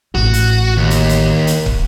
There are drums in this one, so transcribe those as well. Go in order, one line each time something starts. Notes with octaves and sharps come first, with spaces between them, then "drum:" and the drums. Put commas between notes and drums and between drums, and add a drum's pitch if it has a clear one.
A1 F#4
drum: hi-hat
D#2
drum: hi-hat
drum: hi-hat
drum: hi-hat
drum: kick